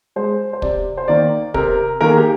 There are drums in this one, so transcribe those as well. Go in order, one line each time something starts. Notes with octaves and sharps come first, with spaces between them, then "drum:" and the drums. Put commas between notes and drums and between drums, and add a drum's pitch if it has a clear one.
G#3 C5
C5
C3 D5, drum: kick
C5
D#3 A#3 D5
C3 A#4, drum: kick
D#3 A#3 A#4
G#4
G4